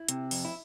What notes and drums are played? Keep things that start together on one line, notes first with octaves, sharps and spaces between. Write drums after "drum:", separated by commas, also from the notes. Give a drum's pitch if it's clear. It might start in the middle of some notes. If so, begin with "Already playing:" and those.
Already playing: E4
C3, drum: hi-hat
F2, drum: open hi-hat
E4